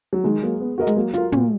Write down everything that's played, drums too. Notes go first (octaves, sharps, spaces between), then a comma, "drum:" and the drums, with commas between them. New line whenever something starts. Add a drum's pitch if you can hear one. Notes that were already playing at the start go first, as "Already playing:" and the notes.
F#3
D#3 G#3
F#3 A#3
B3
F#4 A#4 D#5
G#3, drum: hi-hat
F#3 A#3
F4 A#4, drum: hi-hat
A#2, drum: tom